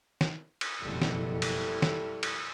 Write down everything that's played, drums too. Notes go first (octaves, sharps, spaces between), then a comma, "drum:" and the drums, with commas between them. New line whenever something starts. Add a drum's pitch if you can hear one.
drum: snare
drum: cymbal
F#1 F2 B2 G3 E4 A4
drum: snare
drum: cymbal
drum: snare
drum: cymbal